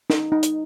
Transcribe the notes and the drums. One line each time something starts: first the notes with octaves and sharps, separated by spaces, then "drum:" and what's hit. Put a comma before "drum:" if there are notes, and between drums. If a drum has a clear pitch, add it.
D#4, drum: snare
D#4
drum: hi-hat